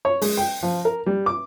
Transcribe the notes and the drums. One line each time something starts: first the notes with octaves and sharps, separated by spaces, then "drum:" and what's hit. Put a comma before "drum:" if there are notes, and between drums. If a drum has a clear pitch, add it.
C#5
G#3, drum: open hi-hat
G5
F3
A#4
G3
D6